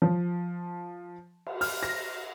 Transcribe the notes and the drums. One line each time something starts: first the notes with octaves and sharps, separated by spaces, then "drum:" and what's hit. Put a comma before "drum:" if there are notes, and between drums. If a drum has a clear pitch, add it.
F3
drum: cymbal
F6, drum: open hi-hat
A#6